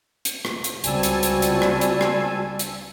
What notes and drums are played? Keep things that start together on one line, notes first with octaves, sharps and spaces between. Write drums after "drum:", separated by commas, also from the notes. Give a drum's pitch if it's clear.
drum: hi-hat
drum: rim click
drum: hi-hat
C#2 G3 C4 F#4 G#5 A5 E6, drum: hi-hat
drum: hi-hat
drum: hi-hat
drum: hi-hat
drum: rim click
drum: hi-hat
drum: rim click
drum: hi-hat